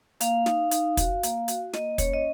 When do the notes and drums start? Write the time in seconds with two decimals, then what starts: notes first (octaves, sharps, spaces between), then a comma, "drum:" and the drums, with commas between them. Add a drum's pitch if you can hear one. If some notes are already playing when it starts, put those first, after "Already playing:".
0.20 A#3 F5, drum: hi-hat
0.46 D#4, drum: snare
0.71 D#4, drum: hi-hat
0.97 F#4, drum: kick, hi-hat
1.23 A#3, drum: hi-hat
1.48 F#4, drum: hi-hat
1.73 A#3 D#5, drum: snare
1.98 C#4 C#5, drum: kick, hi-hat
2.13 D#5